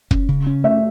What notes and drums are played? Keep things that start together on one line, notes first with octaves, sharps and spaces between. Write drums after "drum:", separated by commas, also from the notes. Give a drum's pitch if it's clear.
C#4, drum: kick
C#3
C#4
A3 E5